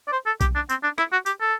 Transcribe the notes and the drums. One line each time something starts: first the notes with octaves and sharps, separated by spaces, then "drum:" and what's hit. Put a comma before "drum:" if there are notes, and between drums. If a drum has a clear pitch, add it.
D5
C5
A4
G4, drum: kick B1, tambourine
D4
C4, drum: tambourine
D4
E4, drum: rim click
F#4
G4, drum: tambourine
A4